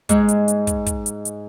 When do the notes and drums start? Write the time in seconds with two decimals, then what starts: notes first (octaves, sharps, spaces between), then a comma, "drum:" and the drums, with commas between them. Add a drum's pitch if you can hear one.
0.09 G#2 G#3, drum: kick, hi-hat
0.28 drum: hi-hat
0.48 drum: hi-hat
0.67 drum: kick, hi-hat
0.87 drum: kick, hi-hat
1.06 drum: hi-hat
1.25 drum: hi-hat